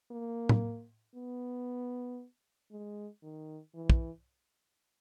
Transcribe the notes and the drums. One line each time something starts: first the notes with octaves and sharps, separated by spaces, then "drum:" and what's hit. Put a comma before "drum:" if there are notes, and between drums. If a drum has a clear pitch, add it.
A#3
drum: tom A2
B3
G#3
D#3
E3
drum: kick